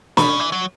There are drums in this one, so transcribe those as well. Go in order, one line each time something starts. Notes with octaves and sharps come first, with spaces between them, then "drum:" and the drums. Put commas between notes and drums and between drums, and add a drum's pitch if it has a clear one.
B2 B5, drum: snare
C#3
E3
F#3